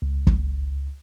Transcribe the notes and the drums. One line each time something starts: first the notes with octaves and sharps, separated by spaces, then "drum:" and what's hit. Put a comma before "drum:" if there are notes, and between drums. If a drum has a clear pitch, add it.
C#2
drum: kick